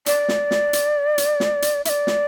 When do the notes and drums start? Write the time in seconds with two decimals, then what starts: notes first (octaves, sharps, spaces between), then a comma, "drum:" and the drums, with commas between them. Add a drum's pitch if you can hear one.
0.06 D5, drum: hi-hat
0.28 drum: snare
0.51 drum: snare
0.73 drum: hi-hat
1.18 drum: hi-hat
1.40 drum: snare
1.62 drum: hi-hat
1.85 E5, drum: hi-hat
1.89 D5
2.07 drum: snare